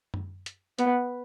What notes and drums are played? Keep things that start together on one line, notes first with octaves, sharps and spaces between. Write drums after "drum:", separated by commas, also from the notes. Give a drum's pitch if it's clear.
drum: tom F#2
drum: hi-hat
B3, drum: hi-hat